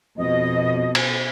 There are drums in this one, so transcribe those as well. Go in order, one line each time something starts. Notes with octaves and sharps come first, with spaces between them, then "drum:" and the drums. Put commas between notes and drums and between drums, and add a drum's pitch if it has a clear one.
F2 B2 D#5
drum: cymbal